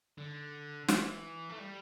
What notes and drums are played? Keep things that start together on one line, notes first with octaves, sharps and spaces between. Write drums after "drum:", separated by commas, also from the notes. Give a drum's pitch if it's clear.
D3
E3, drum: snare
A3
G3